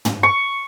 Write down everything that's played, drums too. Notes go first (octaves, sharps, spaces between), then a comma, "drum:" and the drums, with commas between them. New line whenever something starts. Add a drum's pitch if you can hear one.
drum: tom
C#6